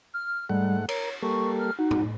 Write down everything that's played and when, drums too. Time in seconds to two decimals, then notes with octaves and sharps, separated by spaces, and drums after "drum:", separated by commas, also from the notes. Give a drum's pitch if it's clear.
0.14 F6
0.49 G#2 G3 A3 F#5
0.89 A#4 C#5, drum: cymbal
1.22 G3 A#3 A4 C#6
1.59 F6
1.79 D#4 F#4
1.91 drum: tom A2